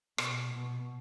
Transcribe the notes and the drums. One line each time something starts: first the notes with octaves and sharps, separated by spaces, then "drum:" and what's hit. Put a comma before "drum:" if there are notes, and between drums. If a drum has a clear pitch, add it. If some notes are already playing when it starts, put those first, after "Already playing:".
B2, drum: rim click
B2